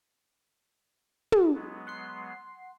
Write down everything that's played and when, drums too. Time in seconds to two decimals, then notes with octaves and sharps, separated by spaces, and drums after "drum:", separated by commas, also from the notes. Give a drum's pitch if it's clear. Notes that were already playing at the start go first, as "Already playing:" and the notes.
1.32 drum: tom
1.54 F#3 G#3 B3
1.87 F#5 C6 C7